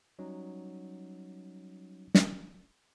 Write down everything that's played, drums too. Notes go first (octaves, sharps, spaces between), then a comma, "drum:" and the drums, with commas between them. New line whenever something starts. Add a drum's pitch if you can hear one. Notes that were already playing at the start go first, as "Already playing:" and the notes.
F#3 G3 C#4 D#4
drum: snare